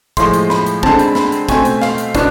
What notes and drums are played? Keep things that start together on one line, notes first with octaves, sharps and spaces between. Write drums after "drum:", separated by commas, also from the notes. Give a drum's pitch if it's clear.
A2 F3 G#3 C6, drum: kick, hi-hat
drum: hi-hat
B5, drum: snare
drum: hi-hat
D3 G#3 C4 A5, drum: kick
B5, drum: hi-hat
B5, drum: snare
drum: hi-hat
B2 A3 C4 G#5, drum: kick, hi-hat
drum: hi-hat
F5, drum: snare
drum: hi-hat
B2 B3 D4, drum: kick, hi-hat